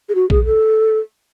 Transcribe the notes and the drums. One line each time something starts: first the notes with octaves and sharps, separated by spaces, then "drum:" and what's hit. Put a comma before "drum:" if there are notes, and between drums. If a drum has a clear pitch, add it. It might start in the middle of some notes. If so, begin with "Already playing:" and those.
G#4
F#4
G#4, drum: kick A#1
A4